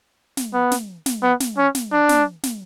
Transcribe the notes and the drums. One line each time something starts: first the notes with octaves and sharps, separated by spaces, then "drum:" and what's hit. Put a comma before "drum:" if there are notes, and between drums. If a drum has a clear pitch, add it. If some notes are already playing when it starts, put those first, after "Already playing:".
drum: snare
B3
drum: snare
drum: snare
B3
drum: snare
C#4
drum: snare
D4
drum: snare
drum: snare